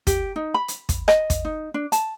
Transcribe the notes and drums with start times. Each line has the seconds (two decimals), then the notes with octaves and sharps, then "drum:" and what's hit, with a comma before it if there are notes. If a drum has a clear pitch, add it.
0.07 G4, drum: kick, hi-hat
0.36 D#4
0.54 B5
0.68 drum: hi-hat
0.89 drum: kick, hi-hat
1.08 D#5, drum: rim click
1.30 drum: kick, hi-hat
1.45 D#4
1.74 D4
1.92 A5, drum: hi-hat